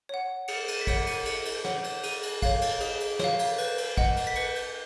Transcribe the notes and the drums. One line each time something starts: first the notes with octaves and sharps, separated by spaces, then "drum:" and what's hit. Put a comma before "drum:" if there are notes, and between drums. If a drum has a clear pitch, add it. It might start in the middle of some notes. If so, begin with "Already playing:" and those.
C#5 F#5
G#4 C#7, drum: cymbal
D#7, drum: cymbal
B6
C#5 F#5 C#7, drum: kick, cymbal
C#7
D#7, drum: cymbal
G#4 C#7, drum: cymbal
drum: cymbal
C#5 F#5, drum: snare
drum: cymbal
G#4 D#7, drum: cymbal
drum: cymbal
C#5 F5, drum: kick, cymbal
drum: cymbal
G#4, drum: cymbal
drum: cymbal
C#5 F5, drum: snare
drum: cymbal
B4, drum: cymbal
drum: cymbal
D#5 F#5, drum: kick
drum: cymbal
B6
B4 C#7, drum: cymbal
drum: cymbal